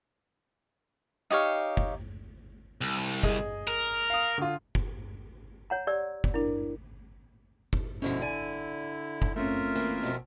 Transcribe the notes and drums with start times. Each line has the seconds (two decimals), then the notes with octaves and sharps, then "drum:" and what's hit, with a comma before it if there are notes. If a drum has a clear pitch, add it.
1.30 D#4 G4 C#5 F5
1.77 drum: kick
2.81 C2
3.23 G#4 D#5, drum: kick
3.68 A#4
4.10 F5 D#6
4.38 D3 F4
4.75 drum: kick
5.70 C#5 F#5 A#5
5.87 G4 D5 E6
6.24 drum: kick
6.34 D4 E4 A#4
7.73 drum: kick
8.02 G#2 B2 D3 F3 C#4 E4
8.22 D5 G#5
9.22 drum: kick
9.36 A3 C4 C#4 F4 A#4 E5
9.75 E3 A#3
10.03 F2 B2